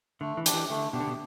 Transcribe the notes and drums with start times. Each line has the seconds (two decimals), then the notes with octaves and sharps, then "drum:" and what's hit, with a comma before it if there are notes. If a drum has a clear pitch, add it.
0.21 D3 A3
0.37 E3
0.46 D4 G4, drum: hi-hat
0.53 E3
0.69 D3 A3
0.93 B2 D4 G4
1.00 D3
1.07 B2